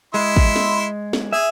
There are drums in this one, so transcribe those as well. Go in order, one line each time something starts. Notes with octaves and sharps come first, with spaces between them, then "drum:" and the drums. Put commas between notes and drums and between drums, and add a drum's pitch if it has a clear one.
G#3 E4 E5 C6
drum: kick
drum: snare
drum: snare
G#4 E5 G#5